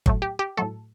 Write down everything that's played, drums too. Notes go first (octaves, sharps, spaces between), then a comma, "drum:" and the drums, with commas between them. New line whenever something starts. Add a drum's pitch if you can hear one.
A2 F#3 A3, drum: kick G1
G4
G4
A2 F#3 A3 A4